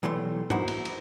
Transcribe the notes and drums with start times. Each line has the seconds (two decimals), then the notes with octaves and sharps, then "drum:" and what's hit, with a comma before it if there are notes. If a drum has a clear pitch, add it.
0.03 B1 E3 G3 A3 C6
0.50 A#3 D#4 E4 F#4 C5, drum: tom G#2
0.68 drum: cymbal
0.85 drum: cymbal